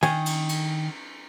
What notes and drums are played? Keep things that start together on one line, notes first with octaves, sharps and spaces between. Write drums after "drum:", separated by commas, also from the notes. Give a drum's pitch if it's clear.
D#3 G#5, drum: cymbal
drum: cymbal
drum: cymbal